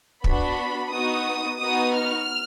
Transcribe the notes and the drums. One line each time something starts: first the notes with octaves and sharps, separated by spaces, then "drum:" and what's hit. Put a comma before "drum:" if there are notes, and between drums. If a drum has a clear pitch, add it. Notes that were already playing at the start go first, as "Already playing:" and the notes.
B3 D4 F#4 B5, drum: kick
B3 D#4 F#4 D#6
B3 D#4 F#4 D#6
F6